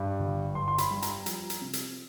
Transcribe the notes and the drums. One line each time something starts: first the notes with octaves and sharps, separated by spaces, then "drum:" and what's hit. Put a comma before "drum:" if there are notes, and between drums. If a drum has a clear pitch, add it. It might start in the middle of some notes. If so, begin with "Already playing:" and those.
Already playing: G2
G1
G2 C6
C6
B5, drum: hi-hat
G3
A#5, drum: hi-hat
F3 A#5, drum: hi-hat
drum: hi-hat
C3
drum: hi-hat